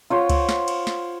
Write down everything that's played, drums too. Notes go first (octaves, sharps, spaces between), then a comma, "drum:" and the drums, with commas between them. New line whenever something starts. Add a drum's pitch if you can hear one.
F4 C5 C#5 F#5
drum: kick C#2, cymbal
drum: snare
drum: cymbal
drum: snare